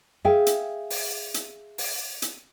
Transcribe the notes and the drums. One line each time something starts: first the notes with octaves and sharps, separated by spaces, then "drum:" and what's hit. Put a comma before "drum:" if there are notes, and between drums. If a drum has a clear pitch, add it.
G#4 E5 F5 G5
drum: hi-hat
drum: open hi-hat
drum: hi-hat
drum: open hi-hat
drum: hi-hat